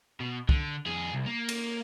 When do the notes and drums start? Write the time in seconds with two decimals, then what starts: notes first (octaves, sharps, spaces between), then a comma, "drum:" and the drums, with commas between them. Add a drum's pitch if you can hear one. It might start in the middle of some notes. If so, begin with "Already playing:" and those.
0.20 B2
0.49 D3, drum: kick
0.86 F2 G#4
1.13 C2
1.26 A#3
1.49 drum: cymbal